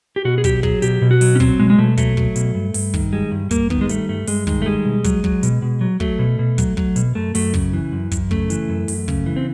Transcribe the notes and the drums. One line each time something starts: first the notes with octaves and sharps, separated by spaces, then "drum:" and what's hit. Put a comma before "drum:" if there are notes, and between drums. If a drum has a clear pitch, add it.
G4
B2 F#4
G#4
F#3 G4, drum: kick, hi-hat
F#3 G#4, drum: kick
B2 G4, drum: hi-hat
B2
F#4
F#3, drum: open hi-hat
C#4
F#3 C4, drum: kick
B2 G#3
G#3
B2 A3
F#3 A3, drum: kick, hi-hat
F#3, drum: kick
B2, drum: hi-hat
G2
G2, drum: open hi-hat
D#3, drum: kick
G3 G#3
G2
G2 A#3, drum: kick, hi-hat
D#3 B3, drum: kick
G#3
G3 A3, drum: hi-hat
G2 A3
G2 G#3, drum: open hi-hat
D#3 G#3, drum: kick
A3
G3 G#3
B2
F#3, drum: kick, hi-hat
F#3, drum: kick
B2, drum: hi-hat
B2
F#3
F#3 A3, drum: kick
B2
B2
F#3, drum: kick, hi-hat
F#3, drum: kick
B2, drum: hi-hat
F#2 A3
F#2 A3, drum: open hi-hat
C#3, drum: kick
E3
F#2
F#2, drum: kick, hi-hat
C#3 A3, drum: kick
E3, drum: hi-hat
F#2
F#2, drum: open hi-hat
C#3, drum: kick
E3
C4